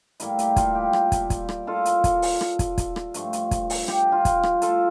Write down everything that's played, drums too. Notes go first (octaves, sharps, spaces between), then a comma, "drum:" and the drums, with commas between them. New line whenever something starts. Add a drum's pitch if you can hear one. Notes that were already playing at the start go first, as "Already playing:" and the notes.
A2 G3 A#3 E4, drum: hi-hat
G4, drum: hi-hat
F4 A4, drum: kick, hi-hat
G4
drum: rim click
drum: kick, hi-hat
drum: kick, hi-hat
drum: rim click
F4 A4
drum: hi-hat
drum: kick, hi-hat
drum: open hi-hat
drum: rim click
drum: kick, hi-hat
drum: kick, hi-hat
drum: rim click
G2 F3 A3, drum: hi-hat
drum: hi-hat
drum: kick, hi-hat
drum: open hi-hat
G4, drum: rim click
F4
drum: kick, hi-hat
drum: rim click
F4 A4, drum: hi-hat